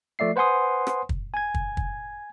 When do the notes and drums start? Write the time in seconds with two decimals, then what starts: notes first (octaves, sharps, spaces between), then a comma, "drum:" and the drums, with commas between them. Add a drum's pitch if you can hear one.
0.19 F3 A3 D5 E5 C7
0.36 B4 C5 F#5 G#5 C6 D#6
0.87 drum: rim click
1.09 drum: kick
1.34 G#5 G#6
1.54 drum: kick
1.77 drum: kick